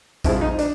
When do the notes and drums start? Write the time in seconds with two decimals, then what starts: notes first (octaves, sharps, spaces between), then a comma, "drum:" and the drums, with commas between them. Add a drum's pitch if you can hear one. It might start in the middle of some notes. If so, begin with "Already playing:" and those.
0.24 C2 C3 F3 G#3 E4, drum: kick A#1, hi-hat
0.41 D#4
0.58 D4, drum: hi-hat